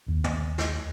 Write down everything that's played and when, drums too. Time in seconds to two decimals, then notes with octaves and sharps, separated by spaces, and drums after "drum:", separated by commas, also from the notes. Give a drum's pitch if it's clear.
0.07 A#1 D#2
0.24 drum: tom
0.58 drum: snare